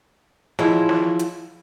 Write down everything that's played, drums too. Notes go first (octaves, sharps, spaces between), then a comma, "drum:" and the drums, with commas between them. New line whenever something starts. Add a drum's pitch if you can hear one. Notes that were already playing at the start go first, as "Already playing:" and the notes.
F3 E4 F4 G#4 C#5 D#5, drum: snare
drum: snare
drum: hi-hat